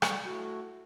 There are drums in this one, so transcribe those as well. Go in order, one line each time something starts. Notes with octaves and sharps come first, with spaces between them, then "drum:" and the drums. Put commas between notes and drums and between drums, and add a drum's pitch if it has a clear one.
G3 C#6, drum: rim click
A2 F#4